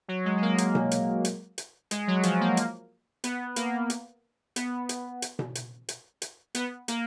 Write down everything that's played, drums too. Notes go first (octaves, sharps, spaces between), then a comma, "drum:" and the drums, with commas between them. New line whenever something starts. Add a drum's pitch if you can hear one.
F#3
G#3
G#3
A#3
drum: hi-hat
drum: tom B2
drum: hi-hat
drum: hi-hat
drum: hi-hat
G#3, drum: hi-hat
F#3
F3, drum: hi-hat
A#3
drum: hi-hat
B3, drum: hi-hat
A#3, drum: hi-hat
drum: hi-hat
B3, drum: hi-hat
drum: hi-hat
drum: hi-hat
drum: tom B2
drum: hi-hat
drum: hi-hat
drum: hi-hat
B3, drum: hi-hat
A#3, drum: hi-hat